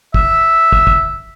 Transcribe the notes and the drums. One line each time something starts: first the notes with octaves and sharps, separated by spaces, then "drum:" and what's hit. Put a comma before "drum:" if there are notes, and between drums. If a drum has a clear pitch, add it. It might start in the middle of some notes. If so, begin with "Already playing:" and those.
E5, drum: kick
drum: kick
drum: kick